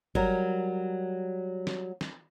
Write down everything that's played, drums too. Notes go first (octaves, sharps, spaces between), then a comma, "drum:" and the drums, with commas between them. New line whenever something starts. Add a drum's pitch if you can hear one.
F#3 G3 A#4, drum: kick G1
drum: snare
drum: snare